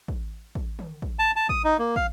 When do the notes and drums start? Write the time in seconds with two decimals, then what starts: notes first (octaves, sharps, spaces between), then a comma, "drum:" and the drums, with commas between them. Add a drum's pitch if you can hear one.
0.08 drum: kick
0.55 drum: kick
0.79 drum: tom
1.02 drum: kick
1.19 A5
1.36 A5
1.49 D#6, drum: kick
1.64 D#4
1.79 A#3
1.96 F5, drum: kick